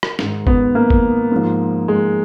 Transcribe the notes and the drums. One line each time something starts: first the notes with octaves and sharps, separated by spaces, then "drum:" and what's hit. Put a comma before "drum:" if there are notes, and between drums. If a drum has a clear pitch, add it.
drum: rim click
G#2 D#3, drum: snare
B3, drum: kick G1
A#3
drum: kick G1
G#2 F3
G#3